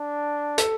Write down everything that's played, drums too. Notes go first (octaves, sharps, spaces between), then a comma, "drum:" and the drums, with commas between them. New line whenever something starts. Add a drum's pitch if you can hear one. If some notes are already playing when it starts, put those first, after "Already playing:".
Already playing: D4
A4, drum: hi-hat